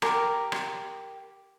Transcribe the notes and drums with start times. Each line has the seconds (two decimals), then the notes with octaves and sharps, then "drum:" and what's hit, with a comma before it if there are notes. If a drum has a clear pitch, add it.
0.02 G4 A#4 A#5, drum: rim click
0.52 drum: rim click